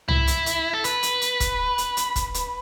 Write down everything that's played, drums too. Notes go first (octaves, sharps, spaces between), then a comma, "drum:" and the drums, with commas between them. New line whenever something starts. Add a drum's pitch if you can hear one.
E4, drum: tom C2
drum: hi-hat
drum: hi-hat
A4
B4, drum: hi-hat
drum: hi-hat
drum: hi-hat
drum: kick, hi-hat
drum: hi-hat
drum: hi-hat
drum: kick, hi-hat
drum: hi-hat